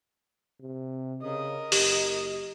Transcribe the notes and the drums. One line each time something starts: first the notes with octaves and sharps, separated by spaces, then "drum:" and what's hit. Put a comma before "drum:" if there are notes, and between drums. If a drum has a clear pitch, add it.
C3
C#3 A#4 D#5 D#6
F#1 G4, drum: open hi-hat